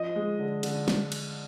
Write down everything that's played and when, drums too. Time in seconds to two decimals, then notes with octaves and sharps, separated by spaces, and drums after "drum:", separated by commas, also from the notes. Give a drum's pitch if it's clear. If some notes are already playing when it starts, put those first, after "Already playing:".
Already playing: F3 D#5
0.16 G#3
0.39 D3
0.63 D3, drum: cymbal
0.88 drum: snare
1.12 drum: cymbal